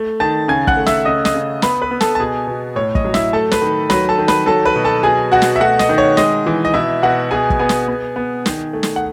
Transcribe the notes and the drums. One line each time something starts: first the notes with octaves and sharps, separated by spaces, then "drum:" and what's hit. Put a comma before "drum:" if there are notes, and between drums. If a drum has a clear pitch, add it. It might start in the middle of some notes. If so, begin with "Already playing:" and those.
Already playing: A3
D#3 A5 A6
C#3 G#5 G#6
F#5 F#6, drum: kick
A3
E5 E6, drum: snare
C#3 D#5 D#6
D#5 D#6, drum: snare
C#3
B3 B4 B5, drum: snare
B4 B5
B3
A4 A5, drum: snare
A5
B2 G#4 G#5
B2
A2 C#5
D#5, drum: kick
F#3
E4 E5, drum: snare
A3 A4 A5
B4 B5, drum: snare
D#3
F#3 B4 B5, drum: snare
A4 A5
D#3
B4 B5, drum: snare
F#3 A4 A5
B4 B5
B2
A4 A5
B2 G#4 G#5
B2 F#4 F#5
drum: snare
E5
A3 F#4 F#5
D#5, drum: snare
D#3
C#5
G#3 D#5, drum: snare
E3
D#5
B2 E4 E5
B2 F#4 F#5
B3 G#4 G#5
drum: kick
B3 G#4 G#5
drum: snare
B3
B3
D#3, drum: snare
A3
drum: snare
F#5